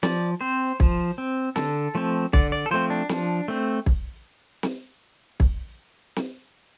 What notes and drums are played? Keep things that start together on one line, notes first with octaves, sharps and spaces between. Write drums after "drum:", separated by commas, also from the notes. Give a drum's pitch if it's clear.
F3 D5, drum: snare
C4 C5
F3, drum: kick
C4
D3 A4, drum: snare
F3 A3 C4
D3 D5, drum: kick
D5
A4
F3 A3 C4 C5
D4
F3, drum: snare
A3 C4
drum: kick
drum: snare
drum: kick
drum: snare